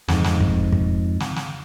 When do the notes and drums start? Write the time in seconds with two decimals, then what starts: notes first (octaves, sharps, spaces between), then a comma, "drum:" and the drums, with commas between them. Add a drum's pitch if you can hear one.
0.08 F2 G#2, drum: snare
0.24 drum: snare
0.40 drum: kick
0.72 drum: kick
1.20 drum: snare
1.36 drum: snare